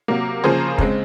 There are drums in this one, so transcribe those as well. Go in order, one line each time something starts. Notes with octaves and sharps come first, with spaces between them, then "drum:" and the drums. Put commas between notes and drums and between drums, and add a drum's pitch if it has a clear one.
C3 F#3 A#3
C#3 F3 A#3 G#4 C5
C#3 G#3 C4, drum: kick